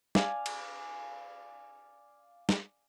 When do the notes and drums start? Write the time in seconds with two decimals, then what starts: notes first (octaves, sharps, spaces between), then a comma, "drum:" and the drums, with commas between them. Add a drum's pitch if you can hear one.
0.15 D5 F5 G#5, drum: snare
0.46 drum: cymbal
2.49 drum: snare